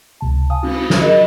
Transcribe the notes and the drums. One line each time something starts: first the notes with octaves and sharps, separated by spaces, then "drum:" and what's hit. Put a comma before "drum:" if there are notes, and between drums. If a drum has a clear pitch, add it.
C#2 C3 A5
F5 G#5 A5 D#6
drum: cymbal
drum: snare
F#3 G#4 A#4 D#5